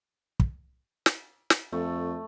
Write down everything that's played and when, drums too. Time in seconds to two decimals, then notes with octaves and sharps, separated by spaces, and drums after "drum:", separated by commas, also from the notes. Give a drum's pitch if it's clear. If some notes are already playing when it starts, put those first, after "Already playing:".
0.40 drum: kick
1.06 drum: snare
1.50 drum: snare
1.72 F2 A3